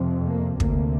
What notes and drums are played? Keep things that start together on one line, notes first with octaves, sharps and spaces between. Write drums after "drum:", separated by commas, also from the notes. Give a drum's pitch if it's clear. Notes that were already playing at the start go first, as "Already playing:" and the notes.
Already playing: F2 C3
A#3
D2 C3 A#3, drum: kick